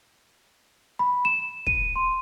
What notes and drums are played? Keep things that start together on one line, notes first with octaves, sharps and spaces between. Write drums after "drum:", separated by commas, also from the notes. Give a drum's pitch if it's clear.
B5
E7
D#7, drum: kick
C6